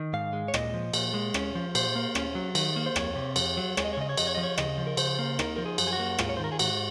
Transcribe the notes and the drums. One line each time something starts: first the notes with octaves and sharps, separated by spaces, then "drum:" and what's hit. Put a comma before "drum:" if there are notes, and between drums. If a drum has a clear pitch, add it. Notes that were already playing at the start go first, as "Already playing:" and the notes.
Already playing: D#3
G#2 F5
G#3
C#5
A#2 D#5, drum: rim click
F3
A#2, drum: cymbal
G#3
C#4, drum: rim click
F3
A#2 C5, drum: cymbal
A#3
C#4, drum: rim click
F#3
D#3, drum: cymbal
A#3
C5
F2 C#5, drum: rim click
C3
F2, drum: cymbal
F#3
G#3 C#5, drum: rim click
D#5
C#5
C#3 D#5
C#5
F2 D#5, drum: cymbal
C#5
F3 D#5
C#5
C#3 D#5, drum: rim click
F3
A#4
C#3 C5, drum: cymbal
A#3
D#4 A#4, drum: rim click
F3 A#4
G#4
F#2, drum: cymbal
G#4
F#4
A#3
G#2 F4, drum: rim click
C#5
C5
D#3 A#4
G#4
G#2 F#4, drum: cymbal